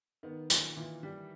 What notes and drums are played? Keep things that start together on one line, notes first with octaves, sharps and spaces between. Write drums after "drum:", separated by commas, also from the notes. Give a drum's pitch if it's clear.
D#3 B3
A#2, drum: tambourine
A#2 E3
G3